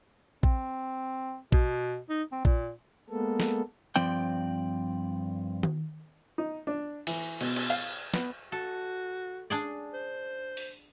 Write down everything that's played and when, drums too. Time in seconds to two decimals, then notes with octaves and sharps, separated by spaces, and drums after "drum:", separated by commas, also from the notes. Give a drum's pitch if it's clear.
0.43 C4, drum: kick
1.52 B2, drum: kick
2.09 D#4
2.32 C4
2.45 A#2, drum: kick
3.10 G#3 A#3 B3 A4
3.40 drum: snare
3.96 G2 F3 C4 D5 G5
5.63 drum: tom D#3
6.38 D#4
6.67 D4
7.07 E3, drum: cymbal
7.41 B2, drum: cymbal
7.56 drum: cymbal
7.70 F5, drum: hi-hat
8.14 B3, drum: snare
8.52 F#4 A4
9.50 D4 G#4 D5
9.93 C5
10.57 drum: open hi-hat